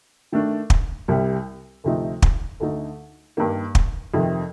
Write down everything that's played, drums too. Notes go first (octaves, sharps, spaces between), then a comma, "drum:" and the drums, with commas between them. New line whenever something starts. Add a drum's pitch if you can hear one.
D#3 A3 D4
drum: kick
C2 C3 G3
D2 C3 F3 A3 D#4
drum: kick
D2 D3 A3 D#4
G2 D#3 A#3
drum: kick
F2 C3 D#3